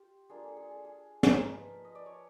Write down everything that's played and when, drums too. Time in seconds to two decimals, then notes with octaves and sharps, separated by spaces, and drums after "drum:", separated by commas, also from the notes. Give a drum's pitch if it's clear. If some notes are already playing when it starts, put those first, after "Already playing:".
Already playing: F4 G4
0.30 A#3 D4 F4 G#4
0.44 A4
0.57 G#4
0.71 A4
0.85 G#4
1.23 F3 A#3 D#4 B4, drum: snare
1.35 A#4
1.47 B4
1.85 D#5
1.95 D5
2.06 C#5